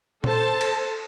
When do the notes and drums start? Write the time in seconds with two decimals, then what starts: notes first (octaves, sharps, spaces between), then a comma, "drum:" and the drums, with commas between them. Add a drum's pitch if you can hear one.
0.24 A4 C5 A5, drum: tom A#2
0.61 drum: cymbal